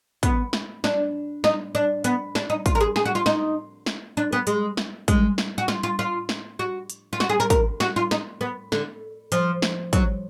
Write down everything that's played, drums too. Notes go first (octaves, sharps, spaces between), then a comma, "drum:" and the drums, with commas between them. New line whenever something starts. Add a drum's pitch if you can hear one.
B3, drum: kick, hi-hat
drum: snare
D4, drum: snare
D#4, drum: snare
D4
B3, drum: hi-hat
D4, drum: snare
D#4
F4, drum: kick, hi-hat
A#4
G#4
G#4, drum: snare
F#4
F4
D#4, drum: snare
drum: snare
D4
B3
G#3, drum: hi-hat
drum: snare
G#3, drum: kick, hi-hat
drum: snare
F#4
F4, drum: snare
F4
F4
drum: snare
F#4
drum: hi-hat
F4
F#4, drum: snare
G#4
A#4
A#4, drum: kick, hi-hat
F#4, drum: snare
F4
D#4, drum: snare
B3
D3, drum: snare
F3, drum: hi-hat
drum: snare
F#3, drum: kick, hi-hat